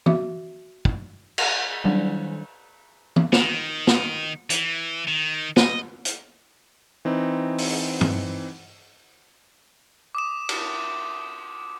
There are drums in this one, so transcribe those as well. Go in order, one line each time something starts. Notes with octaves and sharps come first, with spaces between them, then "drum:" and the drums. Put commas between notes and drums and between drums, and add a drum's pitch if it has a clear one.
F#4 E5, drum: tom E3
drum: kick
drum: cymbal
D#3 F#3 G3 D4
drum: tom E3
D#3, drum: snare
drum: snare
E3, drum: hi-hat
D#3
D#5, drum: snare
drum: hi-hat
E3 C4 D#4
drum: open hi-hat
drum: tom
D6 D#6 E7
drum: cymbal